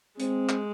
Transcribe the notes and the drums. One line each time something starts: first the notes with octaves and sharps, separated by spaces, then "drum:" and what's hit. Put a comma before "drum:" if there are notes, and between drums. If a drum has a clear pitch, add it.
G#3 C4, drum: hi-hat
drum: clap